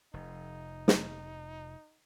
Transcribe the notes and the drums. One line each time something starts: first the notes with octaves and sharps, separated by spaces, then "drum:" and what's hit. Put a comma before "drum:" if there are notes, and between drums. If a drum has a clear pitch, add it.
F1 D#4
drum: snare